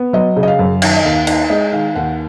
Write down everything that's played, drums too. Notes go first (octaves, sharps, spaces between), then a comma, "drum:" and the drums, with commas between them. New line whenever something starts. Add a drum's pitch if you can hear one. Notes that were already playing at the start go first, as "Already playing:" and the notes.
Already playing: B3
F#3 D#5
C#3
D#5
F5
F#2
D#3, drum: cymbal
D#5
D#2 F5
D#4, drum: cymbal
G#3 D#5
D#3 F5
D#2 F#5